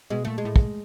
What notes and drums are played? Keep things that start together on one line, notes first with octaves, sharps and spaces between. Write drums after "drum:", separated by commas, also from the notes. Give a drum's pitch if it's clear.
B2 G#3
A#2 A3
G#3
A2
drum: kick